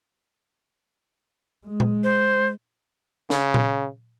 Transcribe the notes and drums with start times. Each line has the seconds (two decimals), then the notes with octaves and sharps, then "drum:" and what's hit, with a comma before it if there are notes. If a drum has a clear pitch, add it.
1.67 G#3
1.80 drum: tom A#2
2.04 C5
3.30 C#3, drum: snare
3.54 drum: tom A#2